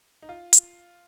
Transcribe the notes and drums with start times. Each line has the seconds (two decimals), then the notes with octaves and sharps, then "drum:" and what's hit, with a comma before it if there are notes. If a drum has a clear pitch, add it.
0.22 D#4
0.29 F4
0.53 drum: hi-hat